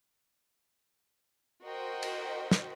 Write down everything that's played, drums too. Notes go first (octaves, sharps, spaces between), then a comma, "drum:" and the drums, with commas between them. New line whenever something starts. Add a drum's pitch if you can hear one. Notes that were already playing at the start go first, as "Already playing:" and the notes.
F#4 A#4 C5 D#5 G5
drum: cymbal
drum: snare